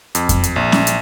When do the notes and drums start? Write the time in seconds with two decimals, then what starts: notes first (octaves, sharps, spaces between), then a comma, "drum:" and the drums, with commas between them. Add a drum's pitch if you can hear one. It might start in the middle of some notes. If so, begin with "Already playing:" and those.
0.15 F2, drum: hi-hat
0.29 drum: kick F2, hi-hat
0.43 drum: hi-hat
0.56 A#1
0.72 drum: snare C#4
0.87 drum: hi-hat